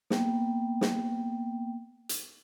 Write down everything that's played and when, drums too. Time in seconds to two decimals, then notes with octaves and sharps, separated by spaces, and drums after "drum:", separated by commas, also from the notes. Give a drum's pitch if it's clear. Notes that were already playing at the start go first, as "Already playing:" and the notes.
0.10 A#3 B3 G5, drum: snare
0.81 drum: snare
2.09 drum: hi-hat